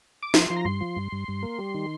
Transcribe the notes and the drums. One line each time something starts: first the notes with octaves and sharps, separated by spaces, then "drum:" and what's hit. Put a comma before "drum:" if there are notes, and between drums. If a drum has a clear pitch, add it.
D6
F3 C6, drum: snare
F3
A#5
G2 C6
F3
G2
G2
G2
A#3
G3
D#3